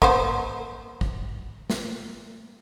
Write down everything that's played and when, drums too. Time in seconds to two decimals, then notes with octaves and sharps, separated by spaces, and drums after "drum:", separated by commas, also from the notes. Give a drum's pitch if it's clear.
0.02 A#3 B3 C5, drum: kick
1.01 drum: kick
1.70 drum: snare